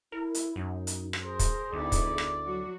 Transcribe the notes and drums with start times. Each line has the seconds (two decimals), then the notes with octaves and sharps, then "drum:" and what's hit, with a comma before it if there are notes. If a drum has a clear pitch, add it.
0.12 E4 A#4
0.35 drum: hi-hat
0.56 F#2 D#4
0.87 drum: hi-hat
1.13 drum: rim click
1.23 G#4 A#4 C5
1.39 drum: kick, hi-hat
1.72 D2 B3 D#4 E4 D5
1.92 drum: kick, hi-hat
2.18 drum: rim click
2.44 F#3 F#4